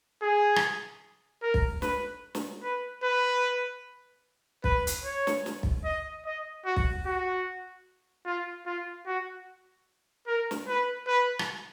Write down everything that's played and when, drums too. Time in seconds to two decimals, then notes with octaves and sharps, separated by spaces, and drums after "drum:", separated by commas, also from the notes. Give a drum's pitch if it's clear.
0.22 G#4
0.56 drum: rim click
1.42 A#4
1.54 drum: kick
1.82 B4, drum: snare
2.35 drum: snare
2.63 B4
3.04 B4
4.64 B4, drum: kick
4.87 drum: hi-hat
5.04 C#5
5.27 drum: snare
5.46 drum: snare
5.63 drum: kick
5.84 D#5
6.25 D#5
6.65 F#4
6.76 drum: kick
7.06 F#4
8.26 F4
8.66 F4
9.06 F#4
10.27 A#4
10.51 drum: snare
10.68 B4
11.07 B4
11.39 drum: rim click